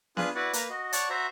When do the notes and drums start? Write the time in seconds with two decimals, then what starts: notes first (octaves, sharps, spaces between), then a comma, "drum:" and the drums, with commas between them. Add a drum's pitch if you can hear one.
0.17 D4 F4 G#4 B4 D#6 F#6, drum: snare B3
0.35 E4 F#4 B4 D5 F#5
0.53 A#3 B4 A#5, drum: hi-hat
0.70 F#4 D#5
0.93 C#5 D5 F#5 A5 C#6, drum: hi-hat
1.10 F#4 C5 E5 A#5